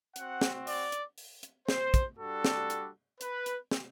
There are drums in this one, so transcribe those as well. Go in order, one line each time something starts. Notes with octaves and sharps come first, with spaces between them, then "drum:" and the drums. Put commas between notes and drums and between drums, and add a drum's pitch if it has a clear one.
C4 F#4 F#5, drum: hi-hat
drum: snare
D5, drum: open hi-hat
drum: hi-hat
drum: open hi-hat
drum: hi-hat
C5, drum: snare
drum: kick, hi-hat
G3 D4 F#4 A4
drum: snare
drum: hi-hat
B4, drum: hi-hat
drum: hi-hat
drum: snare